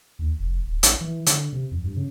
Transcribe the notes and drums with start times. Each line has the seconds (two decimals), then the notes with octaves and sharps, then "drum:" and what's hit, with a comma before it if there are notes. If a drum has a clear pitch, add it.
0.19 D#2
0.39 F1
0.66 D1
0.83 A1, drum: hi-hat
1.01 E3
1.26 D3, drum: hi-hat
1.53 C3
1.71 F2
1.84 G2
1.96 C#3